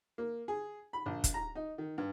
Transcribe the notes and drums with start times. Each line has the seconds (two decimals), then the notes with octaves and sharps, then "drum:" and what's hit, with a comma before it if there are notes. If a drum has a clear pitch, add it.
0.18 A#3
0.48 G#4
0.93 B5
1.06 A#1
1.24 drum: kick, hi-hat
1.34 A#5
1.55 D#4
1.78 D#3
1.98 G2